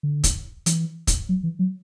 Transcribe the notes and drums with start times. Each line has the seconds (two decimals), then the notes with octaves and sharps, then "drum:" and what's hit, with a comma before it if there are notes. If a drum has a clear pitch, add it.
0.03 D3
0.24 drum: kick, hi-hat
0.66 E3, drum: hi-hat
1.07 drum: kick, hi-hat
1.29 F#3
1.43 E3
1.59 F#3